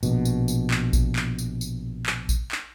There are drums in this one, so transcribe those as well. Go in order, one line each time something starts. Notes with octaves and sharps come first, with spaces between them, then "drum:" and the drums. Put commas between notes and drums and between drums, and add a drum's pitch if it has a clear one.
A#1 B2, drum: tambourine
drum: tambourine
drum: tambourine
drum: clap
drum: kick A1, tambourine
drum: clap
drum: tambourine
drum: tambourine
drum: clap
drum: kick A1, tambourine
drum: clap